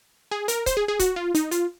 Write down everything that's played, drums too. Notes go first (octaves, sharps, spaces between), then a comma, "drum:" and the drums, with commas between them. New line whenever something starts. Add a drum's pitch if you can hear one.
G#4
A#4, drum: hi-hat
C5, drum: kick C#1, hi-hat
G#4
G#4
F#4, drum: kick C#1, hi-hat
F4
D#4, drum: hi-hat
F4, drum: hi-hat